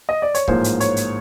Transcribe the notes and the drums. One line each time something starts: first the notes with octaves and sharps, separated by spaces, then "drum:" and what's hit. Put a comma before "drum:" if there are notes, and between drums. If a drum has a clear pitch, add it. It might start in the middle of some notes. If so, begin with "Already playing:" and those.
D#5
D5
C#5, drum: hi-hat
A1 G#2 F3 A#3 C5, drum: kick C#1
drum: hi-hat
C#5, drum: hi-hat
drum: hi-hat